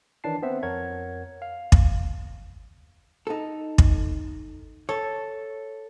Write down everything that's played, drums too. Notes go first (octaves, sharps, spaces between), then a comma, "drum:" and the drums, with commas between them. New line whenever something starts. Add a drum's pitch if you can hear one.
D#3 E3 D4 C#5 A5 C7
B3 C4 C5 E5
F2 A#4 C#5 F#5 G#6
F5
drum: kick
D#4 A4
drum: kick
A4 C#5